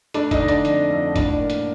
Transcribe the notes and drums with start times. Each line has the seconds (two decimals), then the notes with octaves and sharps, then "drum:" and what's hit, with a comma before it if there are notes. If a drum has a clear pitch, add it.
0.14 A3 D4 D5, drum: hi-hat
0.31 D#4 D#5, drum: kick F#1, hi-hat
0.39 D3
0.48 D4 D5, drum: hi-hat
0.65 F2, drum: hi-hat
0.90 F2
1.16 A2 D4 D5, drum: kick F#1, hi-hat
1.41 A#3
1.50 drum: hi-hat